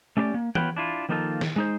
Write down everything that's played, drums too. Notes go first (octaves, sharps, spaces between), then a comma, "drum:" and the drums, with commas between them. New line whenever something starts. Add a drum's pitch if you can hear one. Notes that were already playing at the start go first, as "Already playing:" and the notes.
A3 C#4 G4 B4 D5
A#3
B3 F4 B4 C#5 F#5 G5, drum: tom E3
D4 E4 F4
D#3 F3 A#3 D#4 F4 A4
drum: snare
G#3 D#4 C5